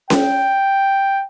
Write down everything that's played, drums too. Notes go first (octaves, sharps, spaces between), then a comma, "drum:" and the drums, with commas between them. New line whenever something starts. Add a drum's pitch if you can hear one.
G5, drum: snare C#4